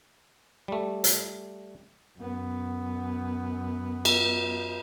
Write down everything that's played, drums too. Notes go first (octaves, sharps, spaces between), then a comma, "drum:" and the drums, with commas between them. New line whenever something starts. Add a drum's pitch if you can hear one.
G3 A3
drum: hi-hat
F#2 B3
drum: cymbal